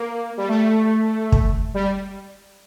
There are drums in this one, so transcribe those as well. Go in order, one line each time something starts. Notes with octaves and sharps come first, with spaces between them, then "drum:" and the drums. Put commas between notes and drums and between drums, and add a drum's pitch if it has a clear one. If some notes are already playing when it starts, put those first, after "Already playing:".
Already playing: A#3
G3
A3
drum: kick
G3